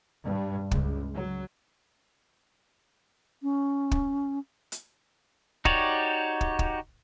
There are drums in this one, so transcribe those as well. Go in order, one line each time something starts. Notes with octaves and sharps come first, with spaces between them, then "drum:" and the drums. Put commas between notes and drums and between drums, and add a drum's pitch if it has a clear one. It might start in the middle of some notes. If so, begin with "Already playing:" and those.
G2
C#2, drum: kick
F#3
C#4
drum: kick
drum: hi-hat
D#4 F#4 G4 C#5 D5, drum: kick
drum: kick
drum: kick